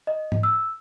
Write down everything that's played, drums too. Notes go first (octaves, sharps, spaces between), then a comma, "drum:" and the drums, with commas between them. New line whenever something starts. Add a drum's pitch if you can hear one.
D#5
drum: tom G#2
E6